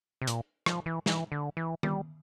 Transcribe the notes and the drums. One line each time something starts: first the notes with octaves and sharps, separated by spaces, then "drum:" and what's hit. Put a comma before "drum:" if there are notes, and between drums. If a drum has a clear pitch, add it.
C3
A#2, drum: hi-hat
F3, drum: rim click
E3
E3, drum: snare
D3
E3
G3, drum: tom D#3